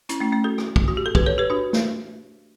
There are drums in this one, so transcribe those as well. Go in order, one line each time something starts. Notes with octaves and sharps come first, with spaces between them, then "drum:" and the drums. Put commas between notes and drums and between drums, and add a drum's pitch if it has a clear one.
C#4 E4, drum: hi-hat
A3 C#4
A3 C#4
F#4 A4
drum: rim click
drum: kick
F#4
G4
A4
G4 B4, drum: kick
A4 C#5
G4 B4
D4 F#4
drum: snare